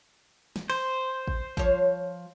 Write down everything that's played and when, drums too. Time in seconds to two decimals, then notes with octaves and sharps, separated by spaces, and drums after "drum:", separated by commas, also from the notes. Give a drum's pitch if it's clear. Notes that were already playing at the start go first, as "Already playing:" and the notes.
0.56 drum: snare
0.70 C5, drum: cymbal
1.27 drum: kick
1.57 F3 C#5, drum: kick